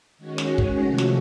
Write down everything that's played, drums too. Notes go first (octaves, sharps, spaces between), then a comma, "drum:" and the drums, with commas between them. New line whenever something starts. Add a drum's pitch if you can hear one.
D#3 G#3 C#4 F#4
drum: snare
drum: kick
C3 F3 A3 C#4 F#4
drum: snare